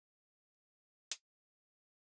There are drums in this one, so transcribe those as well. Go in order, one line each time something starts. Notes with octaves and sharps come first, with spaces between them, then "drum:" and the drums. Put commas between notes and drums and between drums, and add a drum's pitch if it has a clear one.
G#3
A#3
C4
D#4
D4
C4
drum: hi-hat
A#3
G#3
G3
D4
C4